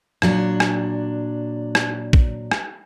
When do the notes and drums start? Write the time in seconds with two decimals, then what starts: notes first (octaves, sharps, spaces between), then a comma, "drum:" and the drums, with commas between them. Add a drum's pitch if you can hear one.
0.22 A#2 F#3 D4, drum: rim click
0.60 drum: rim click
1.75 drum: rim click
2.13 drum: kick
2.51 drum: rim click